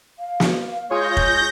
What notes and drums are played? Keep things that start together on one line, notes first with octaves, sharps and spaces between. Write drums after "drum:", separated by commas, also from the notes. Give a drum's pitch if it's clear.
F5
drum: snare
G#3 F4 G#4 C#5 G6 A#6
drum: kick F1